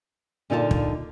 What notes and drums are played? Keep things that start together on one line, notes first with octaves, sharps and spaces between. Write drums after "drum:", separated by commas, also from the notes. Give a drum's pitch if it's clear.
A#2 D3 D#4 F4 D5 A5
drum: kick